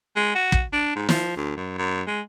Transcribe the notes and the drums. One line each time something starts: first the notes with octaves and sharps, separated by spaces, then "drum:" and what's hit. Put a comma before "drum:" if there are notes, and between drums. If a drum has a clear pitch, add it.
G#3
F#4
drum: kick
D4
G#2
F3, drum: snare
D2
F#2
F#2
G#3